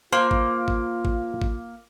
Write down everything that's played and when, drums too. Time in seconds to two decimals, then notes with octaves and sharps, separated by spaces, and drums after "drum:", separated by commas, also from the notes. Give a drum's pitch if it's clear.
0.13 A#3 F4 C5
0.31 drum: kick G#1
0.68 drum: kick G#1
1.05 drum: kick G#1
1.41 drum: kick G#1